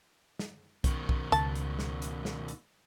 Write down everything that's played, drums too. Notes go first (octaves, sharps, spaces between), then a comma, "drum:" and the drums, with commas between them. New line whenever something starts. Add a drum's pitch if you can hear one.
drum: snare
B2 D#3, drum: kick B1, hi-hat
drum: kick B1
C#2 A5, drum: hi-hat
drum: hi-hat
drum: snare
drum: hi-hat
drum: snare
drum: hi-hat